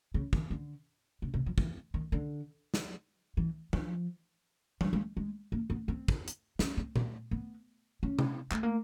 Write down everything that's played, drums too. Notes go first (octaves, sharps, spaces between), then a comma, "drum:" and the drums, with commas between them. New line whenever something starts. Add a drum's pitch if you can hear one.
C#3
D#3, drum: kick
D3
C#3
C3
F3
E3, drum: kick
D#3
D3
drum: snare
E3
F3, drum: tom F3
G3, drum: tom F3
G#3
G#3
A#3
B3
C4
drum: kick
drum: hi-hat
C#4, drum: snare
C4
B3, drum: tom A#2
B3
C#4
drum: tom C3
A3, drum: clap
A#3